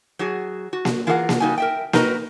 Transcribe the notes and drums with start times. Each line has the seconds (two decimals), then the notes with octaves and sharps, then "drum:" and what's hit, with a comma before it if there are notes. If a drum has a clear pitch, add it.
0.19 F#3 F#4 G#4
0.73 F#4
0.85 drum: snare A#3
1.07 E3 F4 G#4 A#4 D5 F#5
1.29 drum: snare A#3
1.40 C#3 G3 D#4 F#4 G#5
1.58 A#4 E5 G5
1.93 D#4 F#4 A#4 B4 D#5 A#5, drum: snare A#3